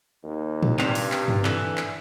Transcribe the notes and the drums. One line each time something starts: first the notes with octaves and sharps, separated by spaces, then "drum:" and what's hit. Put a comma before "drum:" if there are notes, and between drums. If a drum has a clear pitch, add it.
D#2
drum: tom A2
G2 C3, drum: clap
drum: open hi-hat
drum: clap
drum: tom G2
D3 E3, drum: clap
drum: clap